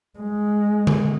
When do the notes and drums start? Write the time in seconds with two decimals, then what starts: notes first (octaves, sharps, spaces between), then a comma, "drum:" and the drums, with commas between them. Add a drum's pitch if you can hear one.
0.19 G#3
0.87 drum: tom D3